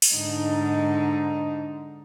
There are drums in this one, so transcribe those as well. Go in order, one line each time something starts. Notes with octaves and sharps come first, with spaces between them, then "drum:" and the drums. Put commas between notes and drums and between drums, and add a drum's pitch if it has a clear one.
drum: open hi-hat
G#2 D3 D#4